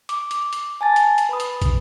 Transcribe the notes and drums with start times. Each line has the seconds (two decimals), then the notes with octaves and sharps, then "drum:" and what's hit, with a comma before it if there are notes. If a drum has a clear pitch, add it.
0.09 D6, drum: hi-hat
0.31 drum: hi-hat
0.53 drum: hi-hat
0.81 G#5 A5 A6
0.96 drum: hi-hat
1.18 drum: hi-hat
1.29 B4 B5 D#6
1.40 drum: hi-hat
1.62 drum: kick, hi-hat